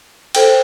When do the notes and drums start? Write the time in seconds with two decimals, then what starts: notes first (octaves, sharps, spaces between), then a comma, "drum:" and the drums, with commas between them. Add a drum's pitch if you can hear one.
0.35 A4 C5 G5, drum: cymbal